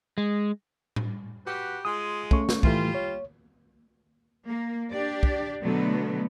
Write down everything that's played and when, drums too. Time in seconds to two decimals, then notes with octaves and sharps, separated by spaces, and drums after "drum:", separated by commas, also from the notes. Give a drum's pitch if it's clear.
0.18 G#3
0.96 drum: tom A2
1.45 F#4 G4 B4
1.85 G#3 F4 G#5 D#6
2.31 A3 C#4 C#6, drum: kick
2.49 drum: snare
2.63 A2 E3 G3 A3 F4, drum: kick
2.95 C#5
4.47 A#3
4.92 D4 G4 D5
5.23 drum: kick
5.63 B2 D3 F#3 A3 B3